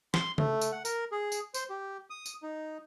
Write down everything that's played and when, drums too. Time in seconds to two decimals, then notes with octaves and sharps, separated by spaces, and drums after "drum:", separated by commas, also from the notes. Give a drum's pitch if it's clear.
0.14 C6, drum: snare
0.38 A3, drum: tom C#3
0.61 drum: tambourine
0.72 F#5
0.85 A#4, drum: tambourine
1.12 G#4
1.32 drum: tambourine
1.54 C5, drum: tambourine
1.70 G4
2.10 D#6
2.26 drum: tambourine
2.43 D#4